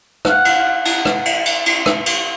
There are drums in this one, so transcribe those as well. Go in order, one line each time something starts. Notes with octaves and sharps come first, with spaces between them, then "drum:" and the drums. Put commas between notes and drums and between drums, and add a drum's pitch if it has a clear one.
F5 F#5, drum: rim click
drum: cymbal
drum: cymbal
drum: rim click
drum: cymbal
drum: cymbal
drum: cymbal
drum: rim click
drum: cymbal